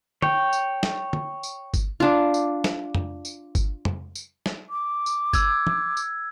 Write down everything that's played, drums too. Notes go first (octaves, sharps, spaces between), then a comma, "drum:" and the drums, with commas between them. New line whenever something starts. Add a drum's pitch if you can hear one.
C#5 G5, drum: tom
drum: tambourine
drum: snare
drum: tom
drum: tambourine
drum: kick G1, tambourine
D4 F4
drum: tambourine
drum: snare
drum: tom
drum: tambourine
drum: kick G1, tambourine
drum: tom
drum: tambourine
drum: snare
D6
drum: tambourine
E6 G#6, drum: kick G1, tambourine
drum: tom
drum: tambourine